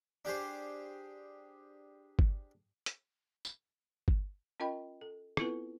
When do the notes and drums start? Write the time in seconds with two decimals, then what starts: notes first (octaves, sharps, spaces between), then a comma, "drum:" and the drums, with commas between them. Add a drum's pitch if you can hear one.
0.25 D4 G4 G#4 C5
2.19 drum: kick G1
2.86 drum: hi-hat
3.45 drum: tambourine
4.08 drum: kick G1
4.60 C#4 F4 A#4 D#5 G5 B5
5.01 A4
5.37 B3 C4 E4 F4 A4 B4, drum: rim click